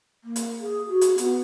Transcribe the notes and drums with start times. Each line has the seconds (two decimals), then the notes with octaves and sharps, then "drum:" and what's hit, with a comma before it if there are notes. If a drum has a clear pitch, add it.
0.24 A#3
0.36 drum: hi-hat
0.60 G#4
0.89 F#4
1.01 drum: hi-hat
1.18 B3, drum: hi-hat